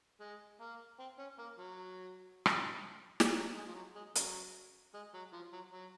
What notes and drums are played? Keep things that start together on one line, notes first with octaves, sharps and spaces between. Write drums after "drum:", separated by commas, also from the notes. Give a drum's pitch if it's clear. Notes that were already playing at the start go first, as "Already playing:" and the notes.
G#3
A#3
C4
C#4
A#3
F#3
drum: rim click
drum: snare
F#3
G#3
F3
F#3
G#3
C#3 F#3, drum: hi-hat
G#3
F#3
F3
F#3
F#3